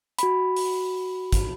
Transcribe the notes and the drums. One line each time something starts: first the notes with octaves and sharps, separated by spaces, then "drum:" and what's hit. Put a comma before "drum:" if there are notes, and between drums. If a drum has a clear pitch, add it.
F#4 B5, drum: hi-hat
drum: open hi-hat
drum: kick, hi-hat